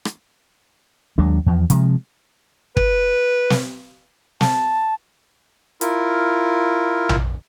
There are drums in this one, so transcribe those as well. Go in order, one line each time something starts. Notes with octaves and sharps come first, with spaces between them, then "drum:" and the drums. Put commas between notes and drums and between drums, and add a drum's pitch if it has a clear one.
drum: rim click
D#2 F#3 G#3 D4
E2 F3
C3 F3 G#3, drum: hi-hat
B4, drum: kick
drum: snare
A5, drum: snare
E4 F4 A#4, drum: hi-hat
drum: tom A#1